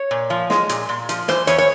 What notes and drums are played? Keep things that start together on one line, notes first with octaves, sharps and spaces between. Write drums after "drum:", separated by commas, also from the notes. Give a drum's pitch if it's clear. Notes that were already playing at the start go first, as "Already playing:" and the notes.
Already playing: C#5
A#2
F3
G#3, drum: snare
A#2, drum: hi-hat
A#2
F3, drum: hi-hat
E3 C5, drum: snare
E2 C#5, drum: hi-hat
C#5